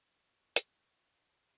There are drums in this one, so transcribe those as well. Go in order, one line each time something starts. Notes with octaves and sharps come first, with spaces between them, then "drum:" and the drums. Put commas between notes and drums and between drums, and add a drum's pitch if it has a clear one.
F#4
drum: hi-hat